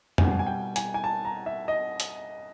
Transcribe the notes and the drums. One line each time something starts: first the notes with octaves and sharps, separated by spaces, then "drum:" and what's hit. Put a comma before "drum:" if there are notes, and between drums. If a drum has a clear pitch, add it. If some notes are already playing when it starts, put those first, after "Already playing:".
B2 G3 G#5, drum: tom
G#5
G5
G#5, drum: hi-hat
G#5
A5
A#5
E5
D#5
drum: hi-hat